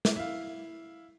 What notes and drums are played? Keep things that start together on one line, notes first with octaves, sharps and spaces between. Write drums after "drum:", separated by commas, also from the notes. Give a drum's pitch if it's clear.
drum: snare
E4 F5